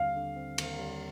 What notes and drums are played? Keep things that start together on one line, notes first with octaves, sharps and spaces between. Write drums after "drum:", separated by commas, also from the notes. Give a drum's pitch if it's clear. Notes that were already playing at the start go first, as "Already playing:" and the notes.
Already playing: D#2 D3 G3 C4 F5
D3
C4
D#2, drum: cymbal
G3